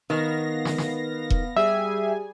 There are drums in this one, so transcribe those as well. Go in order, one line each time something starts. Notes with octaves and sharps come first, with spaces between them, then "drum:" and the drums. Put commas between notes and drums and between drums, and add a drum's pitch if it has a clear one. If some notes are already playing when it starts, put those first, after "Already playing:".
D#3 B3 F5 A#6
drum: snare
drum: snare
drum: kick E1
G3 G#4 E5 G#5